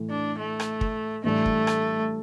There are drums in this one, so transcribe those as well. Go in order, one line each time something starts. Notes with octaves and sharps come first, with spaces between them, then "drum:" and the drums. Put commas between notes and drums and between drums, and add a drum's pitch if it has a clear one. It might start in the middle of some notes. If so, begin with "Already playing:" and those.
Already playing: A2 E3 A3
D4
A3
drum: rim click
drum: kick
A2 E3 G3 A3 D4
drum: kick
drum: rim click